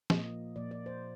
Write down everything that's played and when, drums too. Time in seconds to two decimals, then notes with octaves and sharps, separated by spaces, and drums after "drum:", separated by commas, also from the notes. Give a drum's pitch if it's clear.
0.10 A#2 F3 A#3 D#5, drum: snare
0.56 A#2 F3 A#3 D5
0.71 D5
0.86 C5